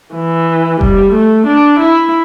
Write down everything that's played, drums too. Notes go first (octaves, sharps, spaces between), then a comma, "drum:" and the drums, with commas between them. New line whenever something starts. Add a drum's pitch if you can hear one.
E3
G3, drum: kick F1
A3
D4
E4